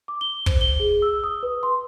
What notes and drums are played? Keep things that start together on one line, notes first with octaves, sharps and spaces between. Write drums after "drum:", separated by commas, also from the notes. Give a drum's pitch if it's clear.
D6
G7
C5, drum: kick
G7
G#4
E6
D#6
B4
C6